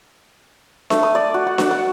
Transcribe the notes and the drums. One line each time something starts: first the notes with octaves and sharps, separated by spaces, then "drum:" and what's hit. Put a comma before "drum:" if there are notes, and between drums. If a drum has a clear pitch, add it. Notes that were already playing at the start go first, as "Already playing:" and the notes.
A3, drum: snare D4
D#6
D5
F#4
F#5
F#4, drum: snare D4
F#5